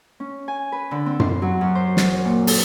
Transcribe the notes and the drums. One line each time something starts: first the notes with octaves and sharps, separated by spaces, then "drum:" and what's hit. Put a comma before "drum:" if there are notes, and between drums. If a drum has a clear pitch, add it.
C#4
G#5
B4
D3
C4
C6, drum: tom F#2
F#3
F#2
C5
drum: snare
A#2
A4, drum: open hi-hat